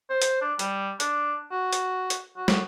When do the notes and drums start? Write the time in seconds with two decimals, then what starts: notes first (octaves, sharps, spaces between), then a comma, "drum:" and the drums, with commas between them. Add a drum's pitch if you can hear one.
0.10 C5
0.22 drum: hi-hat
0.42 D4
0.59 G3, drum: hi-hat
1.00 D4, drum: hi-hat
1.52 F#4
1.73 drum: hi-hat
2.10 drum: hi-hat
2.37 F#4
2.48 drum: snare